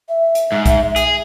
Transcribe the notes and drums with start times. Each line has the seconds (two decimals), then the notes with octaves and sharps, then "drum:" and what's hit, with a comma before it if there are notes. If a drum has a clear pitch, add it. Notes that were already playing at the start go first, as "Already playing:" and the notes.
0.09 E5
0.35 drum: hi-hat
0.52 G#2
0.66 drum: kick B1, hi-hat
0.96 G#4, drum: hi-hat